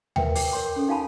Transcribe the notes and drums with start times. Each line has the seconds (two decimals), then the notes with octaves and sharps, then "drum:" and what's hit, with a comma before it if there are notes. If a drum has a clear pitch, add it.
0.16 A#4 B4 E5 G5, drum: tom D#2
0.36 D6, drum: open hi-hat
0.52 A#4 C#5 C6 D6
0.76 C#4 A4
0.88 D#4 F#4 F5 G#5 A5 B5